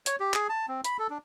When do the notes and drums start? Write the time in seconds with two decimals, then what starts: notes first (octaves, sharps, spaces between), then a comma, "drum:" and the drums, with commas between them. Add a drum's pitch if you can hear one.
0.06 C#5, drum: hi-hat
0.20 G4
0.34 G#4, drum: clap
0.49 A5
0.68 C4
0.84 B5, drum: hi-hat
0.99 A4
1.10 D4